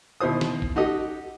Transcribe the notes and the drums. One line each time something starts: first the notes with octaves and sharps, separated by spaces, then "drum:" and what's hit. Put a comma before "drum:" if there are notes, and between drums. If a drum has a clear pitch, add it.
D#2 B2 E4 C5 D#6
drum: snare
drum: kick A#1
D#4 F#4 G4 A4 D#5